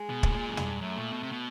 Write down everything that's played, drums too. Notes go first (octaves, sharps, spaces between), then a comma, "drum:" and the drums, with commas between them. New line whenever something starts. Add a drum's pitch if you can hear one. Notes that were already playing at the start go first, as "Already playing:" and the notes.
Already playing: G#3
B2
A2, drum: kick
A#2
F#2
G2, drum: tom
F#2 A3
A#2
B2
C3
B2